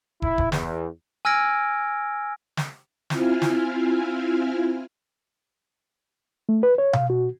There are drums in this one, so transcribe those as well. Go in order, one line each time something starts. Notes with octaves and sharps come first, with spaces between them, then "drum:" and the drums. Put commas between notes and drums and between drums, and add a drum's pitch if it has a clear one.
E4, drum: kick
drum: kick
E2, drum: snare
G#5 E6 F6 G#6 A#6 D7
drum: snare
C4 E4 F4 G#5 F6, drum: snare
drum: snare
A3
B4
C#5
F5, drum: tom B2
F#4